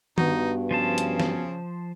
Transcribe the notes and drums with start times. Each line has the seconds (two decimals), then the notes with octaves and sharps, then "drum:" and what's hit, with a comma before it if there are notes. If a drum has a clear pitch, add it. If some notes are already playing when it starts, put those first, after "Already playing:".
0.18 G2 B3 D#4 F#4, drum: tom D#3
0.71 C#3 F3 C5 A5
0.98 drum: hi-hat
1.20 drum: snare